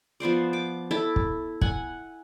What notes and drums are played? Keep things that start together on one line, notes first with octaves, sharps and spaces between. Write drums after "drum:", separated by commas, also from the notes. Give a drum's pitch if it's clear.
F3 B3 C5 D5
D6
E4 A4 A5 D6
drum: kick
F#5 G#5, drum: kick